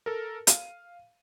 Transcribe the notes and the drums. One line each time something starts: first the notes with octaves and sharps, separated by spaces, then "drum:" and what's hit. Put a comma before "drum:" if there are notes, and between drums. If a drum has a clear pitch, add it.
A4 A#4
F5 D#7, drum: hi-hat